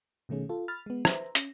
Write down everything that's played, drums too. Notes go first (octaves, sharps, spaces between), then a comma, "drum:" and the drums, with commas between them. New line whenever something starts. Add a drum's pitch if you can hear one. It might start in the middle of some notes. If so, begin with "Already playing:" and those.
B2 D#3 A3 C#4 G#4
F4 A4
B5 F6 A6
G#3 B3
B4 C5 E5 A#5, drum: rim click
C#4 A#6, drum: hi-hat